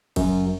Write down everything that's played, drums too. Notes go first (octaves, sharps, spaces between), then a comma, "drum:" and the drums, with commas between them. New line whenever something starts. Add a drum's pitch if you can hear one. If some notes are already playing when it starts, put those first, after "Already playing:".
F#2, drum: kick F#1, cymbal